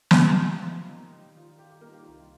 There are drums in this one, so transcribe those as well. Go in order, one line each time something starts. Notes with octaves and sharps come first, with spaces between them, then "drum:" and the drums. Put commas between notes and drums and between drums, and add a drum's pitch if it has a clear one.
drum: snare
A#2 G3 A#3 D#4 G4 A#4 D#5
F4 F5
D#4 D#5
C4 C5
D#3 G3 D#4
F4
G4
G4
A#3 A#4
G4
C2 C3 D#3 C4 F4